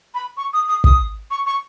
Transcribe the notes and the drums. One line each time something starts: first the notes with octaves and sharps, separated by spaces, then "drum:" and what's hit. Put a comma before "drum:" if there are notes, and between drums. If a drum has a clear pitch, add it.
B5
C#6
D#6
D#6
D#6, drum: kick
C#6
C#6